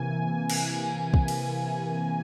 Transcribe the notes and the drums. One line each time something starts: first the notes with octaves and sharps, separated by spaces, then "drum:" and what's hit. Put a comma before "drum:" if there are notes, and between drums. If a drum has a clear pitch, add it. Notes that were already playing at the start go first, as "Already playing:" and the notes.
Already playing: C3 E3 A#3 G#5
drum: cymbal
drum: kick
drum: cymbal